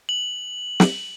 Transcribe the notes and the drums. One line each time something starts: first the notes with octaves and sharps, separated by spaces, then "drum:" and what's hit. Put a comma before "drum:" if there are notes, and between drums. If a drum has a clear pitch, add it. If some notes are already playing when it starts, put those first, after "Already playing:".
F#7
drum: snare